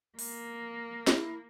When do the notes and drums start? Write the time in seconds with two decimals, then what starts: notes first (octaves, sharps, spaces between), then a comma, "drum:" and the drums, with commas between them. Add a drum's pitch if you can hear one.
0.19 A#3, drum: open hi-hat
1.07 E4, drum: snare